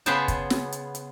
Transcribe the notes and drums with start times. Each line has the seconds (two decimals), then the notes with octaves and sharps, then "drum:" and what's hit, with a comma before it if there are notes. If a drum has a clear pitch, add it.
0.06 C#3 B3 G#4 C5 G5 A5, drum: hi-hat
0.28 drum: kick, hi-hat
0.50 drum: snare
0.72 drum: hi-hat
0.95 drum: hi-hat